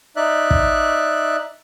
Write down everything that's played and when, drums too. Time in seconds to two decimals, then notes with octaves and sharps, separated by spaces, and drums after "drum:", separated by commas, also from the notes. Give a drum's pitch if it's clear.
0.16 D#4 D5 E5 F#6
0.51 drum: kick